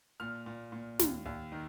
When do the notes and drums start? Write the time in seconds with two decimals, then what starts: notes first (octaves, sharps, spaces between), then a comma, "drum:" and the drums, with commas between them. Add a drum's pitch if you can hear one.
0.20 A#2 F6
0.46 A#2
0.72 A#2
0.99 D#2, drum: snare
1.26 D#2
1.52 D#3